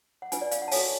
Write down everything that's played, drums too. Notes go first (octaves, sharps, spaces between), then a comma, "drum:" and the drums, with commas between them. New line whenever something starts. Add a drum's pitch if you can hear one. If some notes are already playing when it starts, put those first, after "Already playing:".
F#5
D4 F4 B4 G#5, drum: hi-hat
D5
F5, drum: hi-hat
F#5
A5
F#4 A4 C#5 G#5, drum: open hi-hat